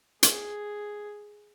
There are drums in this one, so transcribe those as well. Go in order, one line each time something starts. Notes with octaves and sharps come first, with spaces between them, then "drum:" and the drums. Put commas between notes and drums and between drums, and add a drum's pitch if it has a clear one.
G#4, drum: hi-hat